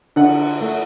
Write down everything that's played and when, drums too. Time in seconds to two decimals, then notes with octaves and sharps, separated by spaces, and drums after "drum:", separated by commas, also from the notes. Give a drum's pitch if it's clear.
0.16 D3 F#5, drum: cymbal
0.61 A3